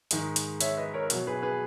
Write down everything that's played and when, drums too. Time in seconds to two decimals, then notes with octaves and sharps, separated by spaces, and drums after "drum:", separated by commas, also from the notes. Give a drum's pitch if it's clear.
0.11 G#2 D#3 G#3, drum: hi-hat
0.36 drum: hi-hat
0.61 C#5 E5, drum: hi-hat
0.77 B4 D#5
0.94 A#4 C#5
1.10 B2 F#3, drum: hi-hat
1.27 G#4 B4
1.43 G#4 B4